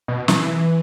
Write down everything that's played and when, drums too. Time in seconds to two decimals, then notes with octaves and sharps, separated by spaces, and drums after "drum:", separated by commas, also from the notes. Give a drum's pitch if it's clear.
0.08 B2
0.28 E3, drum: snare